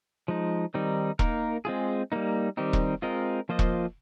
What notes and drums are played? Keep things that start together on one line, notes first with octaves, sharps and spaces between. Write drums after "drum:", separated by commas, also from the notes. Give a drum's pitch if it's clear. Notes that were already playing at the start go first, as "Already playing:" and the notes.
F3 G#3 D#4
D#3 G3 C4 D#4
A#3 D#4 A#4, drum: kick E1
G#3 C4 F4 G#4
G3 A#3 D#4
D#3 G3 C4 D#4 G4
drum: kick E1
G#3 C4 F4 A#4 D#5
F3 A#3 F4 C5 D#5
drum: kick E1